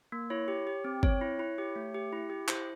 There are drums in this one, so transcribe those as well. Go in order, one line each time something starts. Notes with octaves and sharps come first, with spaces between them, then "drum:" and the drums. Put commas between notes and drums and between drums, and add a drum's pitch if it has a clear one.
A#3
E4 C#5
G4
G4
C4
C4 C#5, drum: kick
E4
E4
G4
A3
G4
E4
G4
E4 C5, drum: clap